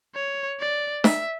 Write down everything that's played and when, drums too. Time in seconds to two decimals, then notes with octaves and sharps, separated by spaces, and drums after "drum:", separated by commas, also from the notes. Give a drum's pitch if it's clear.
0.15 C#5
0.59 D5
1.04 E5, drum: snare